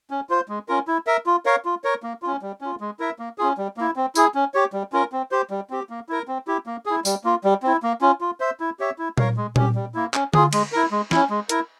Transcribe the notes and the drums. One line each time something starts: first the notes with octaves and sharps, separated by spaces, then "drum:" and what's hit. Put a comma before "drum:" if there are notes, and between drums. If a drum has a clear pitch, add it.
C#4
F4 C5
G#3
C#4 F4 A#4
E4
A#4 E5
F4
A#4 C#5 F5
F4
A#4 C#5
A#3
C#4 F4
G3
C#4 F4
G#3
E4 A#4 E5
A#3
C#4 F4 G#4
G3
A#3 E4
C4
E4 G#4, drum: tambourine
C#4
G4 C#5
G3
C#4 F4 A#4
C4
G4 C5
G3
C4 G4
A#3
E4 A#4
C4
E4 G4
A#3
E4 G#4
G3, drum: tambourine
A#3 F4
G3
C4 E4
A#3
C#4 F4
F4
C5 E5
E4
G4 C#5 E5
E4
A#4 C#5 F5, drum: tom A#2
G#3
C#4 G4, drum: tom A#2
G3
A#3 E4
C#4, drum: clap
F4 G#4, drum: tom D3
G#3, drum: cymbal
E4 A#4
G#3
C#4 E4, drum: snare
G#3
E4 A#4, drum: hi-hat